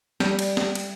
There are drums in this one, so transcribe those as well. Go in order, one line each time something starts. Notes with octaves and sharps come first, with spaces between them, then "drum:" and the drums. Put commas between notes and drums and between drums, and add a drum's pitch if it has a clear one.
G3, drum: snare
drum: cymbal
drum: snare
drum: cymbal